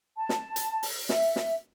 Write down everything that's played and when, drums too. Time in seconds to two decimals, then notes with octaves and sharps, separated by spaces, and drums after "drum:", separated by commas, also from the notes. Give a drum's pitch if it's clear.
0.17 A5
0.29 drum: snare
0.56 drum: hi-hat
0.83 drum: open hi-hat
1.09 E5, drum: snare
1.36 drum: snare